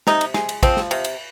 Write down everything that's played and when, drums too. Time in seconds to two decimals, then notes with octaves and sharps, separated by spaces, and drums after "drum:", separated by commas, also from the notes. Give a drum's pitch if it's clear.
0.07 C3 D#4, drum: snare
0.21 drum: cymbal
0.34 G#3, drum: snare
0.49 drum: cymbal
0.63 F3 C4, drum: kick, cymbal
0.77 drum: snare
0.91 C3, drum: cymbal
1.04 drum: cymbal